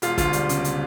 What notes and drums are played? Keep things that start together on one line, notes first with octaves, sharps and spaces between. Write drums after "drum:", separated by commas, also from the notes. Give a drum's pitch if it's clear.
E1 F4, drum: hi-hat
D2 F4, drum: kick, hi-hat
G3, drum: hi-hat
C#3, drum: hi-hat
drum: hi-hat